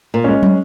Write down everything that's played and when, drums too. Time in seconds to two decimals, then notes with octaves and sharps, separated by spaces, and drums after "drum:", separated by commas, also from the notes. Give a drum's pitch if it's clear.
0.14 A#2
0.24 G#3 C#4
0.43 drum: tom